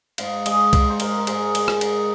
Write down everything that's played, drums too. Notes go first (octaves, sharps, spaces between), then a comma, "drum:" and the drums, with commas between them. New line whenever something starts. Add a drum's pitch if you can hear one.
G#2 F5, drum: cymbal
G#3 D#5, drum: cymbal
D#4 C5, drum: kick C2, cymbal
C5
G#2 A#4, drum: cymbal
A#4
G#2 G#4, drum: cymbal
G#3, drum: cymbal
drum: rim click
D#4, drum: cymbal